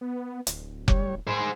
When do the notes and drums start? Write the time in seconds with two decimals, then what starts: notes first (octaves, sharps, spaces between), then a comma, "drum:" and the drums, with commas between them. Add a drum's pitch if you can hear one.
0.01 B3
0.47 D1, drum: hi-hat
0.88 G3 C#5, drum: kick F1
1.27 D#3 G#4 C5 B5 C6